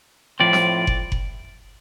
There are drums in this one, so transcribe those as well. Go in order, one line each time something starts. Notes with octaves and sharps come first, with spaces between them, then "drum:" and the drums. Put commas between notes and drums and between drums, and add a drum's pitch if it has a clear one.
A2 F3 C4 D5
drum: snare
drum: kick F#1
drum: kick F#1